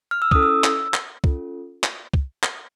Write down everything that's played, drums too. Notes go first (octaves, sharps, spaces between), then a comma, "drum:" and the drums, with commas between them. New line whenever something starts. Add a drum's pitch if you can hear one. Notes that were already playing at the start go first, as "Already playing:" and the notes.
F6
E6
C#4 E4 A4 D#6, drum: kick
E6
drum: clap
drum: clap
C#4 F4 A4, drum: kick
drum: clap
drum: kick
drum: clap